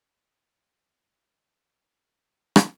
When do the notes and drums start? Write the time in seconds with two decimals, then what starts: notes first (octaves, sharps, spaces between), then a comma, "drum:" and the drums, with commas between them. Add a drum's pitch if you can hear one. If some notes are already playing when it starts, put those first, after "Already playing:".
0.05 G#2 D3 C5 F5
2.56 drum: rim click